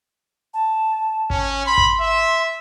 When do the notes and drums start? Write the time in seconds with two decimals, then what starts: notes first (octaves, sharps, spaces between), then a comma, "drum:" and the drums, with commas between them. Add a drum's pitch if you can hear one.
0.54 A5
1.30 C#4, drum: kick G#1
1.66 B5 C6
1.78 drum: kick G#1
2.01 E5